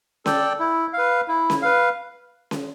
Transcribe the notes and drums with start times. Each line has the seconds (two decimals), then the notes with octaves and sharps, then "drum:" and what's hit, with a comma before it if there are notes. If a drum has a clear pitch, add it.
0.26 A4 D5 G5, drum: snare C#4
0.60 E4
0.93 B4 F5
1.28 E4
1.50 drum: snare C#4
1.62 B4 F5
2.51 drum: snare C#4